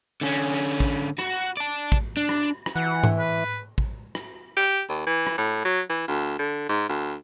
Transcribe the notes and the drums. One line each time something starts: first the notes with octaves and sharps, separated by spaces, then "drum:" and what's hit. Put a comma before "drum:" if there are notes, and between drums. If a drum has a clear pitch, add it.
D3 C#4
drum: kick
F#4, drum: rim click
D5 A5
drum: kick
D4
drum: rim click
drum: rim click
E3 F#5
drum: tom G#2
B4
drum: kick
drum: rim click
G4
D#2
E3
drum: rim click
A2
F#3
E3
D2
D3
G#2
D2